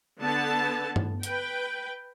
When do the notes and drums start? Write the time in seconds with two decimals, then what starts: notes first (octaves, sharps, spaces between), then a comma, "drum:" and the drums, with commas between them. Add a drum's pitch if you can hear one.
0.20 D3 B3 A5
0.96 drum: tom G2
1.23 B4 G5, drum: hi-hat